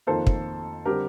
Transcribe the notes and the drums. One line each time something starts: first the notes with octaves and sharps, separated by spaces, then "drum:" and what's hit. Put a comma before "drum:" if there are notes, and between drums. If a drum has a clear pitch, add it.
F2 D#3 A#3 A4 C5
drum: kick
D3 G3 C4 G4 A#4